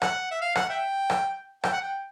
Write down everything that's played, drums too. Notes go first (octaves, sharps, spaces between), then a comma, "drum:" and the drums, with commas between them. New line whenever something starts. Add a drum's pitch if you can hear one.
F#5, drum: rim click
E5
F5
F#5, drum: rim click
E5 G5
drum: rim click
G5, drum: rim click
F#5
G5